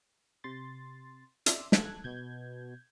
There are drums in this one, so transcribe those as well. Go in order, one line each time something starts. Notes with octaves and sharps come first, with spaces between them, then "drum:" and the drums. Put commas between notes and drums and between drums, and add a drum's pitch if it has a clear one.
C3 C6 A6
D5 E5 C6, drum: hi-hat
A4 F#6 G#6, drum: snare
B2 G6 G#6